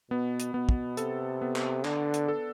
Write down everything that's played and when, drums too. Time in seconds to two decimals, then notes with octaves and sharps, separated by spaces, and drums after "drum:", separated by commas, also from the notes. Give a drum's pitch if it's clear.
0.11 B2 B3
0.40 drum: hi-hat
0.54 B2 B3
0.69 drum: kick
0.97 C3 A4, drum: hi-hat
1.42 B3
1.56 drum: clap
1.85 D3 D4, drum: clap
2.14 drum: hi-hat
2.28 A4